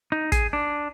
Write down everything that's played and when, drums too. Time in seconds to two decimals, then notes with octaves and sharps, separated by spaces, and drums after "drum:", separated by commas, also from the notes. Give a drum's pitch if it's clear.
0.12 D#4
0.32 G#4, drum: kick, hi-hat
0.53 D4